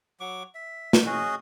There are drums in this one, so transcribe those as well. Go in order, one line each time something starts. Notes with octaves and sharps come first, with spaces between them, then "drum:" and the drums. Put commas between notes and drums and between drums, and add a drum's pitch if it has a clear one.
F#3 C#6 D6
E5
drum: snare
C#4 F#4 G#4 D#5